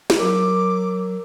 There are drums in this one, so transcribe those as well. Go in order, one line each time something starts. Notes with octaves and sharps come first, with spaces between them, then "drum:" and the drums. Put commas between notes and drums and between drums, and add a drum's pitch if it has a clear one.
drum: snare
F#3 A#4 D6